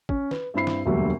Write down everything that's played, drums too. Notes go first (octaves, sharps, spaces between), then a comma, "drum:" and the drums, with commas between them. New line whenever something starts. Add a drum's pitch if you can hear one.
C#4, drum: kick
B4, drum: snare
G2 C4 E4 B5 C7
drum: snare
E1 D2 A#2 F#3 G3 E5